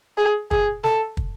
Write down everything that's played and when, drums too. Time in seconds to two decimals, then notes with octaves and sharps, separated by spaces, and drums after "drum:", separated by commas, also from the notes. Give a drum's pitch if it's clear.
0.18 G#4
0.51 G#4, drum: kick
0.84 A4, drum: snare
1.17 drum: kick